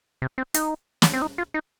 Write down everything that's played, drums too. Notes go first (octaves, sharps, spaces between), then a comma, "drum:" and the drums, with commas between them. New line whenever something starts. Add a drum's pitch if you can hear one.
C3
C4
D#4, drum: hi-hat
drum: snare
C4
D#4
F4
D#4